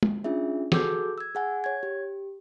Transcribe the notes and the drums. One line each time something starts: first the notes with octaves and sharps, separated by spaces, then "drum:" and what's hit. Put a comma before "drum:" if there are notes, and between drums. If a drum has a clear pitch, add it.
drum: tom
C#4 D4 F4 G#4 E5
F#4 G#4 A4 D6 E6 G6, drum: snare
E6 G#6
G#4 F#5 G#5
C#5 G#6
G4